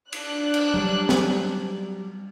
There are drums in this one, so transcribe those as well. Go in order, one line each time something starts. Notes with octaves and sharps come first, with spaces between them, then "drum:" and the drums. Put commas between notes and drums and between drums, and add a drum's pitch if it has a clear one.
D4 F#6, drum: cymbal
drum: cymbal
F#3 G3
drum: snare